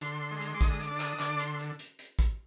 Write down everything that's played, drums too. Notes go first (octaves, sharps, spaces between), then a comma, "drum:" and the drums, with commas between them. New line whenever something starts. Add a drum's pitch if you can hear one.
D3 C6, drum: hi-hat
G#3
drum: hi-hat
D6
D3 D#6, drum: kick
D6, drum: hi-hat
D4
D#6, drum: clap
D3 D6, drum: clap
C6, drum: hi-hat
drum: hi-hat
drum: hi-hat
drum: hi-hat
drum: kick, hi-hat